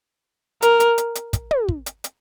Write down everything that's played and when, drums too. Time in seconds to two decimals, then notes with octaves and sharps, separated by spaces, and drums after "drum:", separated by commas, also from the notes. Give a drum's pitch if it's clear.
0.62 A#4, drum: hi-hat
0.80 drum: hi-hat
0.98 drum: hi-hat
1.15 drum: hi-hat
1.33 drum: kick, hi-hat
1.51 drum: tom
1.69 drum: kick
1.86 drum: hi-hat
2.04 drum: hi-hat